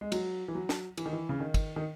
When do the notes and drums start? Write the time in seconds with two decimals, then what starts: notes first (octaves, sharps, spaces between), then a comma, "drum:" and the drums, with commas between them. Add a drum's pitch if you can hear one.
0.01 G#3
0.12 F#3, drum: cymbal
0.48 E3
0.55 F#3
0.69 drum: snare
0.97 E3, drum: cymbal
1.06 D#3
1.13 E3
1.29 C#3
1.40 D#3
1.54 drum: kick, cymbal
1.76 D#3